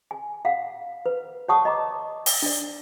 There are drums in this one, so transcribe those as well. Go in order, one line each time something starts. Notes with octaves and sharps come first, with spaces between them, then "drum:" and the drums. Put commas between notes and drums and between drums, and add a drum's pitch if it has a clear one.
G#5
F5 F#5
B4
C#5 D5 F#5 A5 C#6 D#6
D#5 A#5 D6
drum: open hi-hat
D4 D5